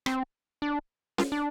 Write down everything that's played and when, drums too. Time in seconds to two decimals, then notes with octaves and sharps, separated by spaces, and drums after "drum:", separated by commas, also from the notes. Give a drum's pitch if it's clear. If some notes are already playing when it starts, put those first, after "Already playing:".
0.06 C4, drum: rim click
0.62 D4
1.18 F4, drum: snare C#4
1.32 D4